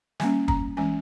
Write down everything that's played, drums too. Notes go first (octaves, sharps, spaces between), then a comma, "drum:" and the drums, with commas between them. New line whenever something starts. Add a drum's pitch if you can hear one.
G3 A#3 C#4 G#5, drum: snare
A#5, drum: kick
E3 G#3 C#4 G#5